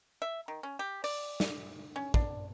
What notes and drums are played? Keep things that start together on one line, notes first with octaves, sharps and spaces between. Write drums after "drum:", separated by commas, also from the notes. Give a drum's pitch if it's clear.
E5
D#3
C#4
G4
D5, drum: open hi-hat
drum: snare
C#4
D4, drum: kick